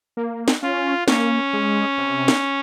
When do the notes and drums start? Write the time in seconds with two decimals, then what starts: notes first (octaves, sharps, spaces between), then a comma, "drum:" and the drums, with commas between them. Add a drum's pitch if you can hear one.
0.17 A#3
0.48 drum: snare
0.63 C#4 F4
1.08 A#3 C#4, drum: snare
1.53 G#3
1.98 C3
2.28 drum: snare